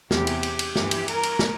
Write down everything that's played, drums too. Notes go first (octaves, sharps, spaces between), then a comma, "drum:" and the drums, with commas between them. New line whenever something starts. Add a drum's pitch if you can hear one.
E2 C3 E3 G4, drum: snare
drum: cymbal
drum: cymbal
drum: cymbal
G2 E3, drum: snare
drum: cymbal
A#4, drum: cymbal
drum: cymbal
drum: snare